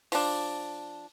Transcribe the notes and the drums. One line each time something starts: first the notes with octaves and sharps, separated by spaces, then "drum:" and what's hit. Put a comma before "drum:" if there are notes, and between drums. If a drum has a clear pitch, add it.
F3 D4, drum: open hi-hat